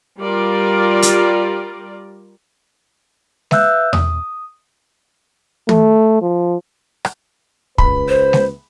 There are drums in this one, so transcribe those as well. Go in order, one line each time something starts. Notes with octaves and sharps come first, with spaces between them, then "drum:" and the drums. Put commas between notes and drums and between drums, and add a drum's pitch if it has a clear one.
G3 F4 A#4 D5
drum: hi-hat
B4 E5 F5 E6 F#6 G6, drum: snare G#3
D#6, drum: tom E2
A3, drum: tom
F3
drum: rim click
C#2 B4 B5, drum: kick
C5
drum: snare G#3